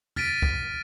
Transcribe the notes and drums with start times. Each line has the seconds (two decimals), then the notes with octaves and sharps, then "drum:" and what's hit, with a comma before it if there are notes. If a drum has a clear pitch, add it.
0.16 F6 A6 B6 D7 D#7, drum: tom
0.42 drum: kick